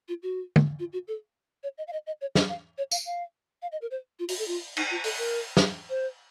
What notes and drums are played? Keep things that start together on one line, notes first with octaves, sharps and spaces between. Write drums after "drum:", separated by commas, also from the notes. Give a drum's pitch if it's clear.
F4
F#4
drum: tom
F4
F#4
A4
C#5
D#5
F5
D#5
D#5
C#5
D#5, drum: snare
F5
C#5
F5, drum: tambourine
F5
F5
D#5
A#4
C5
F4
F#4, drum: open hi-hat
A4
F4
D#4, drum: cymbal
F4
A4, drum: open hi-hat
A#4
drum: snare
C5